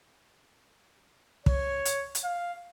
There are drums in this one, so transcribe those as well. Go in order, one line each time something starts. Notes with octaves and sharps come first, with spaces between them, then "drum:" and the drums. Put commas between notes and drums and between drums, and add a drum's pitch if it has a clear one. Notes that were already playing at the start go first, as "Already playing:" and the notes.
C#5, drum: kick
drum: hi-hat
drum: hi-hat
F5